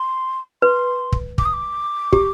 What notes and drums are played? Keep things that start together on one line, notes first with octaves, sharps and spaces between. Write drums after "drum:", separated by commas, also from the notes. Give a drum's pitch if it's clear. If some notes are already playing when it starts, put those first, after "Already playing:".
Already playing: C6
B4 C6
drum: kick
D6, drum: kick
D#6
D6
G4, drum: kick